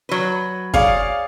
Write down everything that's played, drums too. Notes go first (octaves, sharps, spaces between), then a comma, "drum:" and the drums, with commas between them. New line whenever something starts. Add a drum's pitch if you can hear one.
F#3 B4
G#4 C#5 D5 F5, drum: kick